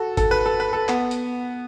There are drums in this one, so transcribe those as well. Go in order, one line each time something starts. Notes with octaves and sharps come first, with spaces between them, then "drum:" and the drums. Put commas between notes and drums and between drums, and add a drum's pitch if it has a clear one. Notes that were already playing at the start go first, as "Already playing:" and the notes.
Already playing: F#4 A4
A4, drum: kick G1, hi-hat
B4
A4
B4
A4
B3, drum: clap
drum: hi-hat